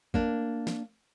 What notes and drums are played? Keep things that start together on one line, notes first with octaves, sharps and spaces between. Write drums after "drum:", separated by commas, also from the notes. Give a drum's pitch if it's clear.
A#3 D4, drum: kick G#1
drum: snare